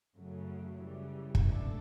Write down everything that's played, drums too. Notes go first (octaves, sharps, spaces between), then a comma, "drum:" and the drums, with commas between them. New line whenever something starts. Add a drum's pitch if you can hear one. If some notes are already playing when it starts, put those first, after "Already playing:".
F#2 C#3 F#3 A3
C#3 E3 G3
drum: kick
C#2 B2 A3 D4 A4